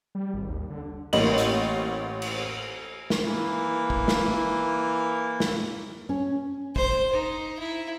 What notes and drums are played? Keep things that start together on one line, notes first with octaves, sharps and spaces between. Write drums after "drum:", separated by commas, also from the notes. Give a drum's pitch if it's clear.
G3
G#1
D#2
D3
A1 A#3 D#5 F#7, drum: cymbal
drum: hi-hat
drum: cymbal
drum: snare
E3 A#3
drum: kick
drum: snare
drum: snare
C#4
C5, drum: kick
D#4
E4